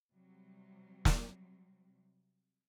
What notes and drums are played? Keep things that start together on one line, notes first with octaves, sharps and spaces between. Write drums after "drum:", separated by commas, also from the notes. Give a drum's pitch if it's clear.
C3 F#3 G3 C4
drum: snare